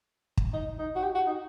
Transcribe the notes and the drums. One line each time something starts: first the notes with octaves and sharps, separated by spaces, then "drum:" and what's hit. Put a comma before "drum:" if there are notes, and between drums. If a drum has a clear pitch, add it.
drum: kick
D#4
D#4
F#4
G4
F#4
D#4